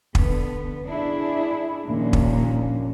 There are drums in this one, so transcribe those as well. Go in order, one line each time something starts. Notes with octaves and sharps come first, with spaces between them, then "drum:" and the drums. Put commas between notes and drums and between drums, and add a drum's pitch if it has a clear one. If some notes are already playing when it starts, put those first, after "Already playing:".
D3 B3, drum: kick
D4 E4 G#4
D#2 A#2 F3 A#3 C#4 D4
drum: kick